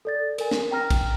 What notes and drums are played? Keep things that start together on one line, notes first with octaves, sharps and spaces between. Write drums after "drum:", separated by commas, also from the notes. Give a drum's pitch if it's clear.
A4 D5 A6
A#4 G#5, drum: cymbal
drum: snare
G5 A#5 F6 A#6
drum: kick A#1, cymbal